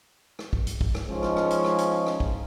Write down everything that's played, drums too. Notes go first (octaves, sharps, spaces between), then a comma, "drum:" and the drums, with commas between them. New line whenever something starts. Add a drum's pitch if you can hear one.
drum: rim click
drum: kick
drum: hi-hat
drum: kick
drum: rim click
F3 G#3 C#4 D#4 F4
drum: rim click
drum: rim click
drum: hi-hat
drum: rim click
drum: hi-hat
drum: rim click
drum: kick